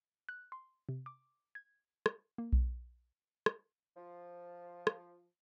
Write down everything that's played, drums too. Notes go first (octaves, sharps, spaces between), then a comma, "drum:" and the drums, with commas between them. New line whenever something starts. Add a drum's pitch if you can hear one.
F#6
C6
C3
D6
G#6
drum: rim click
A#3
drum: kick B1
drum: rim click
F3
drum: rim click